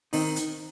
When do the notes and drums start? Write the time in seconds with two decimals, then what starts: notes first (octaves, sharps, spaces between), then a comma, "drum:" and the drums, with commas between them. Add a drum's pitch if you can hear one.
0.13 D#3 C4 D#4, drum: open hi-hat
0.36 drum: hi-hat